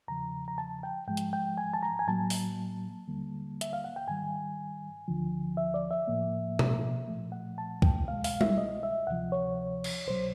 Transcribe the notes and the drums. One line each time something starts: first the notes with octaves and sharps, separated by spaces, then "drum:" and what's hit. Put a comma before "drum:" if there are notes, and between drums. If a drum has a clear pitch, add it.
E2 C#3 F3 A#5
A#5
A5
G5
G#2 F3 G#3 G5
drum: hi-hat
G5
G#5
A5
A#5
G#5
A2 F#3 A#3 A5
drum: open hi-hat
D#2 D3 G3 A#3
E5, drum: hi-hat
F5
F#5
G5
G#2 D#3 G3 G#5
D2 D3 F3
E5
D5
E5
A2 F3 A#3
drum: tom B2
A#2 F3 A3
F#5
A5
G5, drum: kick
C2 B2 G#3 F5
F5, drum: open hi-hat
E5, drum: tom G3
D#5
E5
D2 C3 F3 F#5
C#5
drum: cymbal
C2 B2 F#3 C5